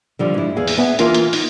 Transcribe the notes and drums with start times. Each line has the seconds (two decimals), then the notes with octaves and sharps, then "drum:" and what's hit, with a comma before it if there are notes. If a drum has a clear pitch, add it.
0.19 D3 F3 G3
0.34 G#2 E4
0.56 E2 G#4 F5
0.67 drum: open hi-hat
0.77 B3 B4 E5 G#5
0.99 E3 A#3 F4 A#4 G#5, drum: hi-hat
1.14 drum: hi-hat
1.33 D#4, drum: open hi-hat